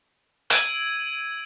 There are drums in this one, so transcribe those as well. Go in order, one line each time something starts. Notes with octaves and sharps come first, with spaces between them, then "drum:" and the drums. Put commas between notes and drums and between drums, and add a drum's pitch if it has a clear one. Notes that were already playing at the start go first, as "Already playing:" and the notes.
E6 G#6 D7 D#7 F#7, drum: hi-hat